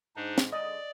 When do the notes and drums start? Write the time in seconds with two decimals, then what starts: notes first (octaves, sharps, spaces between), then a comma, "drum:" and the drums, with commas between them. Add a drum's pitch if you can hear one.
0.16 G#2 D4 D#4
0.38 drum: snare
0.53 D3 G#3 D5 D#5